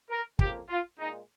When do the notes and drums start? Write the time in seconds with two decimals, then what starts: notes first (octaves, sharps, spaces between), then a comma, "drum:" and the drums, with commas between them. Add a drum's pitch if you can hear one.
0.10 A#4
0.39 F2 C#3 F3 A#3 G4, drum: kick
0.69 F4
0.99 A#2 G#3 D#4